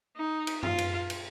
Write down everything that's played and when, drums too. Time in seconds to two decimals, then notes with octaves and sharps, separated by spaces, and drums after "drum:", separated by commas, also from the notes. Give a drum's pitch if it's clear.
0.16 D#4
0.47 drum: cymbal
0.63 F4, drum: tom F#2
0.78 drum: cymbal
1.10 drum: cymbal